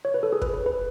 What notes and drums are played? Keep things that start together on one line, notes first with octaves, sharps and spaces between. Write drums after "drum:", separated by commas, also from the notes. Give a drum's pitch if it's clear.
C#5
B4
A4
G#4
B4, drum: kick
B4
B4